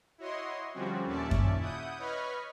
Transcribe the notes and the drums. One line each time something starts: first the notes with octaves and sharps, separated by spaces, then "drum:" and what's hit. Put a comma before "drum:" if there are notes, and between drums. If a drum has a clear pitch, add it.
E4 F#4 C#5 D#5 C6
D3 F3 G3 C4 C#4 F#4
D#2 A#2 C#4 D5 E5 A5
drum: kick F#2
E4 F#5 D#6 G6
B4 C#5 D#5 B5 C#6 F6